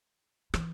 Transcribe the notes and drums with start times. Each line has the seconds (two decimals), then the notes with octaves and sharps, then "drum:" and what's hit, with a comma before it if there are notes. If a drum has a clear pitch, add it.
0.54 E3, drum: rim click